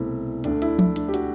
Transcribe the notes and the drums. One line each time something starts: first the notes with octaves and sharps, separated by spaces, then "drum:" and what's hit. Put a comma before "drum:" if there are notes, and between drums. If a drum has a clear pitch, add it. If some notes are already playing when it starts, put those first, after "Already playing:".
Already playing: C2 B2 A3 C4 E4
D2 D3 A3 D4, drum: hi-hat
E4, drum: hi-hat
E4, drum: tom F3
D4, drum: hi-hat
G4
F#4, drum: hi-hat